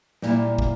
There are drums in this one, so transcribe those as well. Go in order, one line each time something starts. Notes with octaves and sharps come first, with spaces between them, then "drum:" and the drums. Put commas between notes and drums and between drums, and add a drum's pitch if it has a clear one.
A#2 G3 A#3 E4 D5, drum: snare
drum: kick